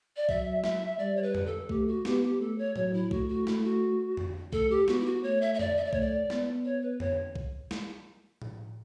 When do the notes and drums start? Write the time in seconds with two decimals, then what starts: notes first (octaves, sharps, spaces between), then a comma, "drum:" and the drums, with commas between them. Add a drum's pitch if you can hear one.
0.17 D5
0.29 F#3 E5, drum: kick B1
0.64 E5, drum: snare
0.99 G3 D5
1.16 C#5
1.23 B4
1.35 drum: tom F2
1.46 A4
1.69 A3 G4, drum: kick B1
1.87 F#4
2.05 B3 G4, drum: snare
2.23 G4
2.41 A3 A4
2.58 C#5
2.76 F#3 C#5, drum: tom A2
2.94 E4
3.11 A3 F#4, drum: kick B1
3.29 F#4
3.47 E4, drum: snare
3.64 F#4
4.17 drum: tom F2
4.53 A3 A4, drum: kick B1
4.70 G4
4.88 B3 F#4, drum: snare
5.00 E4
5.06 F#4
5.23 A3 C#5
5.41 E5
5.54 E5
5.59 D5, drum: tom F2
5.77 E5
5.85 D5
5.93 A3 C#5, drum: kick B1
6.01 D5
6.30 B3, drum: snare
6.65 C#5
6.82 B4
7.00 C#5, drum: tom F2
7.36 drum: kick B1
7.71 drum: snare
8.42 drum: tom A2